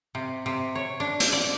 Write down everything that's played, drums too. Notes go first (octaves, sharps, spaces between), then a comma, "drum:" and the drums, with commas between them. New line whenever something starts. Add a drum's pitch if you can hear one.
C3
C3
C#5
D4
drum: hi-hat
D5